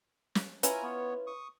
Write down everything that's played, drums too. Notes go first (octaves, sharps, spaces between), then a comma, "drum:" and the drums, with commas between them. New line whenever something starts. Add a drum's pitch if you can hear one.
drum: snare
C#4 E4 F4 B4 G#5 A#5, drum: hi-hat
B3 C#5
C#6 D#6